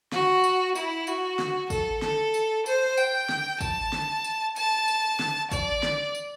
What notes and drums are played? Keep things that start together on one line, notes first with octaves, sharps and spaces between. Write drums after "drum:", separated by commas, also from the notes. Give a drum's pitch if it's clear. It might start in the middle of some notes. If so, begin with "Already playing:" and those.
F#4, drum: snare
drum: tambourine
E4, drum: tambourine
F#4, drum: tambourine
drum: snare
A4, drum: kick, tambourine
A4, drum: snare
drum: tambourine
C5, drum: tambourine
G5, drum: tambourine
drum: snare
A5, drum: kick, tambourine
drum: snare
drum: tambourine
A5, drum: tambourine
drum: tambourine
drum: snare
D5, drum: kick, tambourine
drum: snare
drum: tambourine